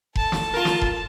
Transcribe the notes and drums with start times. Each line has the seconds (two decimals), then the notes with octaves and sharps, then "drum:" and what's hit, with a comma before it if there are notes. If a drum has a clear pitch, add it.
0.16 A4 A5, drum: kick F1
0.32 drum: snare
0.54 F4 A#4
0.65 drum: snare
0.82 drum: kick F1